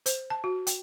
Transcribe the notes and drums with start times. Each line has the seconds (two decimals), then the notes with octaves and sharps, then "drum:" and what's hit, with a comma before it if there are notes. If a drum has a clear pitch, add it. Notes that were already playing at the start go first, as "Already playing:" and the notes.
0.06 C5, drum: hi-hat
0.30 A5
0.44 F#4
0.67 G5, drum: hi-hat